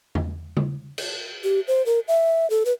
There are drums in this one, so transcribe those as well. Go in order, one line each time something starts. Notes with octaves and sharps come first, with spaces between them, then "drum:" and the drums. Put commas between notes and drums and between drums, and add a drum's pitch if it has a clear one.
drum: tom E2
drum: tom C#3
drum: cymbal
G4
C5
A#4
E5
A4
B4